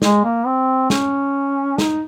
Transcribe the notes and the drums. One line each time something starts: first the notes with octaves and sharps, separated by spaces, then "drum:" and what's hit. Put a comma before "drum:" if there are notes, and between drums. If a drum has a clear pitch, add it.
G#3, drum: snare
A#3
C4
C#4, drum: snare
D#4, drum: snare